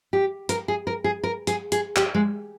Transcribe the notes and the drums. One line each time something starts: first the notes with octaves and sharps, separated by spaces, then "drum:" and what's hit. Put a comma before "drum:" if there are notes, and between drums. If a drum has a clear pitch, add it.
G4
A#4, drum: hi-hat
G#4
A#4
G#4
A#4
G#4, drum: hi-hat
G#4, drum: hi-hat
G4, drum: clap
G#3